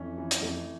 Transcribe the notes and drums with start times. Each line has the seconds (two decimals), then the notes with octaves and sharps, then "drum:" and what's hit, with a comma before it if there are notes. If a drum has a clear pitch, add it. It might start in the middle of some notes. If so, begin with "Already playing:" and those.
Already playing: F2 E3 A3 C#4
0.18 E3
0.31 drum: hi-hat
0.41 F2 A3